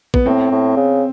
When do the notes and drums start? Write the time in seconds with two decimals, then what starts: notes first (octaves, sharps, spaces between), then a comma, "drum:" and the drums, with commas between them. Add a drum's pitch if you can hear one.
0.14 B3, drum: kick A#1
0.26 A2 C4
0.51 A2
0.77 C#3